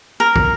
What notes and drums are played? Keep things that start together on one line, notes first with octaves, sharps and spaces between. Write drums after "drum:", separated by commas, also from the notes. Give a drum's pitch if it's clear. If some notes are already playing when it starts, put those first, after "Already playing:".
A#4
drum: kick